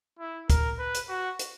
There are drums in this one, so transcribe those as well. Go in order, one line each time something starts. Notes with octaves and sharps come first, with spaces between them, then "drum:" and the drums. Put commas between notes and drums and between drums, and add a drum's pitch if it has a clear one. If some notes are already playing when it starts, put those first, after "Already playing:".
E4
A#4, drum: kick, hi-hat
B4
drum: hi-hat
F#4
drum: hi-hat